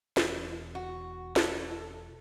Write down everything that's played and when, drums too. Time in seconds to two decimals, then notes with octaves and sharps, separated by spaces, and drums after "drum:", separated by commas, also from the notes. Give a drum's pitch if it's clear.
0.17 E1, drum: snare
0.75 F#4
1.36 A4, drum: snare